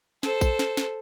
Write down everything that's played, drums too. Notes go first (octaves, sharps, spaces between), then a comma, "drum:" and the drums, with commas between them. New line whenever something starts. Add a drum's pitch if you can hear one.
A4 C5, drum: snare
drum: kick A#1, tambourine
drum: snare
drum: snare